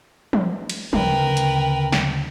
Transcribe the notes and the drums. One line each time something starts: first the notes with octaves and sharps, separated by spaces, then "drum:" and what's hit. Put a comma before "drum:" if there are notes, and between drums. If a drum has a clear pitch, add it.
drum: tom
drum: cymbal
D2 C#3 A#4 B4 G5, drum: tom
drum: hi-hat
drum: snare